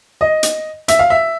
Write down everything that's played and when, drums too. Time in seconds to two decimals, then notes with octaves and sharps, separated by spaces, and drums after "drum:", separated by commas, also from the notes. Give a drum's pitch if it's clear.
0.21 D#5
0.43 drum: hi-hat
0.88 E5, drum: hi-hat
0.99 F5
1.10 E5